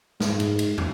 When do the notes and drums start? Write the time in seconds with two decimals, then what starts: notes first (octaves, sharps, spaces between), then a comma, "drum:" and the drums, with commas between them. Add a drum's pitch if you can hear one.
0.20 G#2, drum: snare
0.40 drum: cymbal
0.59 drum: cymbal
0.78 drum: tom